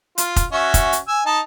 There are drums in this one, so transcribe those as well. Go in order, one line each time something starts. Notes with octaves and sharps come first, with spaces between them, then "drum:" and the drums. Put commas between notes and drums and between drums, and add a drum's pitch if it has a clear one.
F4, drum: hi-hat
drum: kick F1, hi-hat
C#4 F#4 E5
drum: kick F1, hi-hat
drum: hi-hat
G#5 E6
D#4 A5